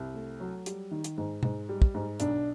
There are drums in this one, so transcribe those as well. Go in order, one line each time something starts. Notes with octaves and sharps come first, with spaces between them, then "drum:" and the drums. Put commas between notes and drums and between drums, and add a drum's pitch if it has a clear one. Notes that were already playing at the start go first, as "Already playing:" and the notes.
Already playing: C2
A3
F#3
G3, drum: hi-hat
D#3
drum: hi-hat
G#2
G#2, drum: tom
G3
drum: kick
G#2
B1 D4, drum: hi-hat